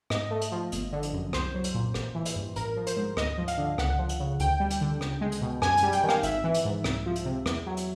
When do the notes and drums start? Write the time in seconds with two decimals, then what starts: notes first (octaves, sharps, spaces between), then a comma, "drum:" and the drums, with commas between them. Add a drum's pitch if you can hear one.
0.10 G#2 D#5, drum: rim click
0.31 A3
0.41 drum: hi-hat
0.52 F3
0.72 G1, drum: hi-hat
0.92 D3
1.03 drum: hi-hat
1.13 F#2
1.33 C2 C5, drum: rim click
1.54 F#3
1.64 drum: hi-hat
1.74 A#2
1.94 A1, drum: rim click
2.15 E3
2.25 drum: hi-hat
2.36 G2
2.56 A1 A#4, drum: hi-hat
2.76 F3
2.87 C5, drum: hi-hat
2.97 G#2
3.17 D2 D#5, drum: rim click
3.38 F3
3.48 F5, drum: hi-hat
3.58 D3
3.78 C#2 F#5, drum: rim click
3.99 F3
4.09 drum: hi-hat
4.20 C#3
4.40 D2 G5, drum: hi-hat
4.60 G3
4.70 drum: hi-hat
4.81 D3
5.01 C#2, drum: rim click
5.21 G#3
5.32 drum: hi-hat
5.41 B2
5.62 F#2 G#5, drum: rim click
5.77 G#5, drum: hi-hat
5.83 G3
5.93 G5, drum: hi-hat
6.04 D#3
6.09 F5, drum: rim click
6.23 G#1 E5, drum: hi-hat
6.44 E3
6.54 drum: hi-hat
6.65 G#2
6.84 C2, drum: rim click
7.06 F3
7.16 drum: hi-hat
7.25 C3
7.46 E2, drum: rim click
7.67 F#3
7.77 drum: hi-hat